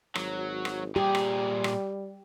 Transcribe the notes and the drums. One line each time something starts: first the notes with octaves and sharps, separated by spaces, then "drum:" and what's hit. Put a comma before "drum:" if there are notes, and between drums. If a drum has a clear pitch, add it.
G#1 F#3, drum: rim click
drum: rim click
A#2 G3 G4 G#4
drum: rim click
drum: rim click